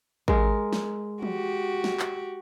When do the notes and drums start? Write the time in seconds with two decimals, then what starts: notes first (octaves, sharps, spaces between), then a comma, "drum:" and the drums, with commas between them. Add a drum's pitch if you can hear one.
0.28 G#3 A#4, drum: kick A1
0.73 drum: snare
1.22 F#4 G4, drum: tom
1.84 drum: snare
2.00 drum: clap